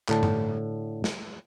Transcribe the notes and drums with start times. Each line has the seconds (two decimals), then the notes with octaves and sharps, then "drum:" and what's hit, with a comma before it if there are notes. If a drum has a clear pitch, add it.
0.09 A2 D3 A5, drum: clap
0.23 drum: tom G2
1.04 drum: snare